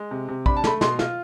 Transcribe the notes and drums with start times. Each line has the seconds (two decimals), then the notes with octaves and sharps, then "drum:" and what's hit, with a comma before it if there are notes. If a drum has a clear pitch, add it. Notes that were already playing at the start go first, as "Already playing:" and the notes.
Already playing: G#3
0.11 C3
0.28 C3
0.46 D4 B5, drum: kick
0.57 A5
0.64 A3 B5, drum: snare
0.81 B2 C6, drum: snare
0.99 F4, drum: snare